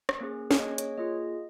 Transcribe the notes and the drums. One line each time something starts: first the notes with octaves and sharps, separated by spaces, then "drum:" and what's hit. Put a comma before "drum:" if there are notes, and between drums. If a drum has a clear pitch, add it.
drum: rim click
A#3 C#4 G#4
C#5, drum: snare
A#3 C#4 G#4 D#5
C#5, drum: hi-hat
A#3 F4 G#4 D#5